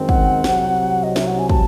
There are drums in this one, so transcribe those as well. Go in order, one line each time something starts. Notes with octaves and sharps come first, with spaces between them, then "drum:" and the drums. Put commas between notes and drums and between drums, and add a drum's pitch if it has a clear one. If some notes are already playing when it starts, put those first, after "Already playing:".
Already playing: F#2 D#3 G#3 C4
F#5, drum: kick
C2 C3 F#3, drum: snare
D#5
E5, drum: snare
F#5
G#5
A5, drum: kick